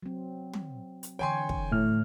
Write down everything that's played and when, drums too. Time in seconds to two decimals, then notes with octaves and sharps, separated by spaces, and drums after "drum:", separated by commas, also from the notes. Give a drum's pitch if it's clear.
0.03 F#3 C4
0.53 drum: tom
1.03 drum: hi-hat
1.19 D3 E3 C#5 G5 G#5 C6
1.49 drum: kick
1.72 A2 A3 F6